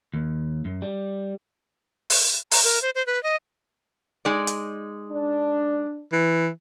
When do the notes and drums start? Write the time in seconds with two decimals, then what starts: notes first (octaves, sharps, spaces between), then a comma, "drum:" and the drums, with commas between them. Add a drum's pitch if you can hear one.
0.14 D#2
0.65 F#2
0.82 G3
2.10 drum: open hi-hat
2.51 A#5, drum: open hi-hat
2.64 A#4
2.82 C5
2.95 C5
3.06 B4
3.23 D#5
4.25 G#3 D#4 D5
4.47 drum: hi-hat
5.11 D4
6.12 E3